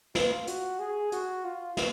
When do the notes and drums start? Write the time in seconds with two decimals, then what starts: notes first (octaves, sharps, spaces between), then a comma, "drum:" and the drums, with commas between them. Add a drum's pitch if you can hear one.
0.15 F4, drum: snare
0.47 F#4, drum: hi-hat
0.79 G#4
1.12 F#4, drum: hi-hat
1.44 F4
1.77 drum: snare